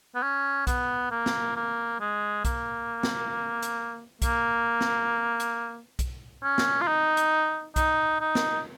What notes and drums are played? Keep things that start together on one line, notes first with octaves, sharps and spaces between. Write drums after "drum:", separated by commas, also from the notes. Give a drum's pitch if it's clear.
B3
C#4
B3, drum: kick B1, hi-hat
A#3
drum: snare
A#3
G#3
A#3, drum: kick B1, hi-hat
drum: snare
drum: hi-hat
A#3, drum: kick B1, hi-hat
drum: snare
drum: hi-hat
drum: kick B1, hi-hat
C#4
drum: snare
F4
D#4
drum: hi-hat
D#4, drum: kick B1, hi-hat
D#4
drum: snare